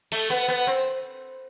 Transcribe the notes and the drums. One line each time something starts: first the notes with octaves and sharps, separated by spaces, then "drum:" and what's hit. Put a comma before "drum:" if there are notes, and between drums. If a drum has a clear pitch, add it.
A3, drum: cymbal
B3
B3
C4